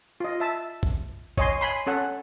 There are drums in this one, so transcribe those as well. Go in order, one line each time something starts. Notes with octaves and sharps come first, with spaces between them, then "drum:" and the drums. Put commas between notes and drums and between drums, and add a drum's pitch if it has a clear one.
F4 D#5
E5 A5
drum: kick
C#5 D#5 G#5 C6, drum: kick
G#5 B5 C6
C#4 A4 F#5